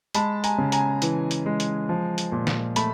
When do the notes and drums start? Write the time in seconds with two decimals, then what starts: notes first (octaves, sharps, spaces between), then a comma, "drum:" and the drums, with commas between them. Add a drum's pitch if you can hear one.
0.14 G#3 A5 B5, drum: hi-hat
0.44 G#5 A#5, drum: hi-hat
0.58 C#3
0.72 G#5 A#5, drum: hi-hat
1.02 E3, drum: hi-hat
1.31 drum: hi-hat
1.46 G#3
1.60 drum: hi-hat
1.89 F3
2.18 drum: hi-hat
2.32 A#2
2.47 drum: snare
2.76 A3 A5 B5, drum: hi-hat